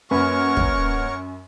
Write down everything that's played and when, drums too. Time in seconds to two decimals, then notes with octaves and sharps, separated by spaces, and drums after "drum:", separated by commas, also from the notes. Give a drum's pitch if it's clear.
0.11 F#2 A#3 A#4 B4 C#5 F#5 C#6
0.57 drum: kick